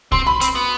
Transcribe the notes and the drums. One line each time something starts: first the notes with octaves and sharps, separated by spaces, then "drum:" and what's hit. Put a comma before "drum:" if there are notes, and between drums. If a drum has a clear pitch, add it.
C4 C6, drum: kick
B5
C4, drum: hi-hat
B3